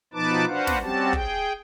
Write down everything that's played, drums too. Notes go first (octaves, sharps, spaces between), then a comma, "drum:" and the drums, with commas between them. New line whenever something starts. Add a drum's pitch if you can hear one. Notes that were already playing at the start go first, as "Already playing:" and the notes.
B2 F3 D#4 B4 A5 D6
D4 F#4 B4 C5 F5 F#5
drum: snare
G3 C4 C#4 F#4 G4 A5
G#4 G5, drum: kick